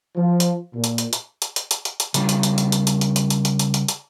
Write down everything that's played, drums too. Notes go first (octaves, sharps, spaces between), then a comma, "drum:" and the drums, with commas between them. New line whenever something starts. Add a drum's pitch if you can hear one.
F3
drum: hi-hat
A#2
drum: hi-hat
drum: hi-hat
drum: hi-hat
drum: hi-hat
drum: hi-hat
drum: hi-hat
drum: hi-hat
drum: hi-hat
C#3 G3 F4, drum: hi-hat
drum: hi-hat
drum: hi-hat
drum: hi-hat
drum: hi-hat
drum: hi-hat
drum: hi-hat
drum: hi-hat
drum: hi-hat
drum: hi-hat
drum: hi-hat
drum: hi-hat
drum: hi-hat